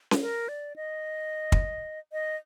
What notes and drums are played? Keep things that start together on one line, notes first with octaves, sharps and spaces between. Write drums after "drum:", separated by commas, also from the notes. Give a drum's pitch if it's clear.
drum: snare C#4
A#4
D5
D#5
drum: kick
D#5